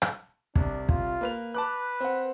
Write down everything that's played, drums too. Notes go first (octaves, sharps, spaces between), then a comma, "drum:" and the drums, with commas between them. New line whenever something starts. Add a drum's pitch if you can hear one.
drum: rim click
C2 D4, drum: kick
F4, drum: kick
A#3 B4 F7
B4 A5 D6 F#6
C4 F#5